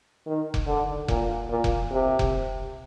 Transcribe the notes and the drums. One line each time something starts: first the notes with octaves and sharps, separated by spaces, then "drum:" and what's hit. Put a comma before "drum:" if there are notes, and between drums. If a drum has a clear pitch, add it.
D#3
drum: kick F1
D3
A#2, drum: kick F1
A#2
drum: kick F1
C3
drum: kick F1